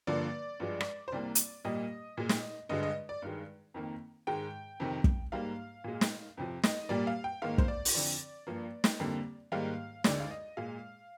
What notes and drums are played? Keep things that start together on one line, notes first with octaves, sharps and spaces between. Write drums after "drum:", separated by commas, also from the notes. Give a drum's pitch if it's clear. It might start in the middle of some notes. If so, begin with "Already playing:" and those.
G2 D3 F3 A#3 D5
G2 F3 G#3
drum: rim click
C5
C2 C3 G3 A#3 D5
drum: hi-hat
A#2 G3 A#3 D#5
A#2 G#3
drum: snare
G2 D3 G#3 D#5
D#5
D5
G2 D#3 G#3
F2 D#3 A#3
G#2 D#3 G#3 G5
F2 C3 D#3
drum: kick
G#2 G3 A#3 F5
A#2 G#3
drum: snare
F2 C3 F3
D#5, drum: snare
A#2 G3 A#3 D5
F5
G5
G#2 D#3 A#3 F5
C5, drum: kick
D5
drum: open hi-hat
F2 D3 F3 D5
G2 F3 A#3
drum: snare
F2 D3 G3 A#3
G#2 D#3 G3 A#3 F5
D2 D3 G#3 D5, drum: snare
F5
D#5
A#2 G#3 F5